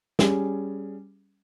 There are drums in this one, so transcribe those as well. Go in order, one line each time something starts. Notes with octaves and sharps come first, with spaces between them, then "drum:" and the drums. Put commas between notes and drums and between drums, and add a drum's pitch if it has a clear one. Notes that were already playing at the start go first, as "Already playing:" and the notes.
G3 C#4 G#4, drum: snare